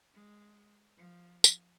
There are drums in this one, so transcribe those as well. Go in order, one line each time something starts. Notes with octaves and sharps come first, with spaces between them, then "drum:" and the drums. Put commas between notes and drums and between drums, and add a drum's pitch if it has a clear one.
G#3
F3
drum: tambourine